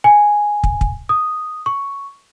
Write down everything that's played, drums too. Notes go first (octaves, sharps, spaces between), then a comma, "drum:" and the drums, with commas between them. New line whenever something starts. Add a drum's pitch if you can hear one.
G#5
drum: kick
drum: kick
D#6
C#6